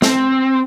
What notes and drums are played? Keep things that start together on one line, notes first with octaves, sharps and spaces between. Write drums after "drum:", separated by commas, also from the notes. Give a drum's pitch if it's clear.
C4, drum: snare